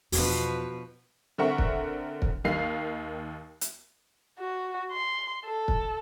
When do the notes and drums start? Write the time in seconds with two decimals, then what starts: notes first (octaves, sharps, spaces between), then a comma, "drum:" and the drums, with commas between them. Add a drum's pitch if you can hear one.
0.12 E2 B2 F3 D4 F#4 B4, drum: open hi-hat
1.38 D3 C4 A#4 E5 F#5 C#6
1.58 drum: kick
2.22 drum: kick
2.44 D#2 D#3 F5 C7
3.61 drum: hi-hat
4.40 F#4
4.92 C6
5.46 A4
5.68 drum: kick